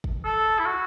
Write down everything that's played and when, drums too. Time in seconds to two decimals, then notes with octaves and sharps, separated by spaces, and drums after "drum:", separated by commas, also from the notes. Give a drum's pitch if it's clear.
0.04 drum: kick
0.25 A4
0.59 E4
0.66 F#4